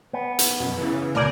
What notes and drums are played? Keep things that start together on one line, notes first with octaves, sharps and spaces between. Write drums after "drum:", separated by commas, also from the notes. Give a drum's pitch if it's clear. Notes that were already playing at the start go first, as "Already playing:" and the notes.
B3
drum: hi-hat
F#2 B2
C#3 E3
D2 B2 A#4 D5